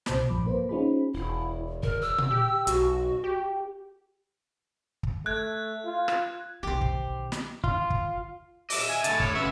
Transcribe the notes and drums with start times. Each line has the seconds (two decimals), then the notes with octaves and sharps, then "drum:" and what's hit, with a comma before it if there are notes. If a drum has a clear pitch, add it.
0.06 C2 B2 C5 A5 D6 G6, drum: snare
0.29 A#1 G2 F3 B5 D6
0.46 A#3 B4 C5
0.69 C#4 D#4 F4 G#4 C5 B5
1.14 E1 E4
1.83 A#4, drum: kick
2.02 E6
2.18 drum: tom A#2
2.31 G4
2.67 B1 F#4, drum: hi-hat
3.24 G4
5.03 drum: kick
5.26 A3 F#6 G#6
5.85 F4
6.08 drum: rim click
6.63 B1 D#3 G4 C5
6.81 drum: kick
7.32 drum: snare
7.64 F4, drum: kick
7.90 drum: kick
8.70 D#5 E5 D6, drum: open hi-hat
8.89 G#5
9.04 A2 D3 A5, drum: hi-hat
9.20 C#5, drum: kick
9.35 C#3 B3 E5